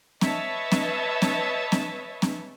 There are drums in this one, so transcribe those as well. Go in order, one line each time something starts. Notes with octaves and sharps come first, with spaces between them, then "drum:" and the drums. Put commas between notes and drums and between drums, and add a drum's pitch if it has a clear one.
B4 C#5 D#5 E5 A5, drum: snare C4
drum: snare C4
drum: snare C4
drum: snare C4
drum: snare C4